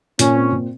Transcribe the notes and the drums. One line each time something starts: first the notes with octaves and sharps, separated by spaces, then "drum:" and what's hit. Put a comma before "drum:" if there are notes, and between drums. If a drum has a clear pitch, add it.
A#2 C#4, drum: hi-hat
C4
A#2